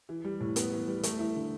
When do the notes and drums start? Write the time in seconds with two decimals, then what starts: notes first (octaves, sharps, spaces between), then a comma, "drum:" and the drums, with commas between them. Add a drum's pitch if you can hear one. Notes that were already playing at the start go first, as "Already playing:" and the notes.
0.09 E3
0.24 G3
0.40 A2
0.56 B3, drum: hi-hat
0.72 E3
0.88 G3
1.03 A3, drum: hi-hat
1.19 E4
1.36 D3